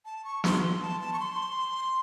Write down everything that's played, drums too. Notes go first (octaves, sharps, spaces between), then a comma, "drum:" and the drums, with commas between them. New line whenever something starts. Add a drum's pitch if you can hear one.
A5
C#6
C6, drum: snare
A5
A5
C#6
C6